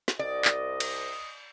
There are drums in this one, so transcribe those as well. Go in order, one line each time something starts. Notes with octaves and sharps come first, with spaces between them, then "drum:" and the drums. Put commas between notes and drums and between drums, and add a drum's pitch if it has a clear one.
drum: snare
C2 D5 D#5
drum: clap
drum: cymbal